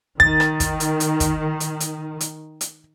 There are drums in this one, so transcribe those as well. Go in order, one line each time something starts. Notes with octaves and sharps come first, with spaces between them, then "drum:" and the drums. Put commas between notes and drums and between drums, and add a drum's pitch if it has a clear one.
D#3 A6, drum: kick
drum: rim click
drum: kick, hi-hat
drum: hi-hat
drum: hi-hat
drum: kick, hi-hat
drum: hi-hat
drum: hi-hat
drum: hi-hat
drum: hi-hat